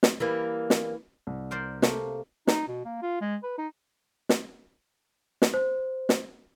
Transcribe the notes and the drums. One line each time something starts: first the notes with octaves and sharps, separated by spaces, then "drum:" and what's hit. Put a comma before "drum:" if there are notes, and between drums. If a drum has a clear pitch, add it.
drum: snare
E3 G3 A#3
drum: snare
C2
A#4 C5 D5
C3 A3 A#3, drum: snare
D#4, drum: snare
B2
A#3
F4
G#3
B4
D#4
drum: snare
drum: snare
C5
drum: snare